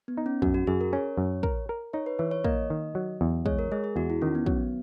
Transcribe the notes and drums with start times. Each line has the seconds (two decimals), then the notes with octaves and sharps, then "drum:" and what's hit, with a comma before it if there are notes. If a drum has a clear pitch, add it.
0.08 B3
0.17 D#4
0.26 C#4
0.42 F#2 F#4, drum: kick
0.54 F#4
0.67 F#2 G#4
0.81 A#4
0.93 C#4 C#5
1.17 F#2
1.43 A#4, drum: kick
1.69 A#4
1.93 D#4 C#5
2.06 B4
2.19 E3 C#5
2.31 C#5
2.44 A#3 D#5, drum: kick
2.70 D#3
2.95 F#3
3.21 E2
3.46 G#3 C#5, drum: kick
3.59 A#4
3.72 G#3 G#4
3.84 G#4
3.96 E2 F#4
4.10 E4
4.22 D#3 C#4
4.35 B3
4.46 F#3, drum: kick